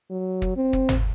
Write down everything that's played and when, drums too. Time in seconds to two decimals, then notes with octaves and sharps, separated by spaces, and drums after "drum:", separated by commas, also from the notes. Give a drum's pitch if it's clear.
0.11 F#3
0.42 drum: kick
0.56 C4
0.73 drum: kick
0.89 drum: tom